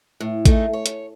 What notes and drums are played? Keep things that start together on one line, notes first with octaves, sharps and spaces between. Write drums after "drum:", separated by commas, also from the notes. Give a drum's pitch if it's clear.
A2
A3 D#4 G#4, drum: kick A1, hi-hat
C#5
drum: hi-hat